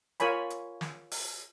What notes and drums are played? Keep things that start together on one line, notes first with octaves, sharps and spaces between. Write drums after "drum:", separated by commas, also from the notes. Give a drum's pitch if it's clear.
F4 A#4 C#5 G#5 B5, drum: hi-hat
drum: hi-hat
drum: snare
drum: open hi-hat